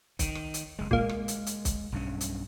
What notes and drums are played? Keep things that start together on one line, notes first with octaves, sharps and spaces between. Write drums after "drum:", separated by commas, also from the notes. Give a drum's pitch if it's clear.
D#3, drum: kick, hi-hat
drum: rim click
drum: hi-hat
F#1 G#3
A#2 G#3 A#3, drum: kick
drum: rim click
drum: hi-hat
drum: hi-hat
drum: kick, hi-hat
B1 G2 C#4
drum: hi-hat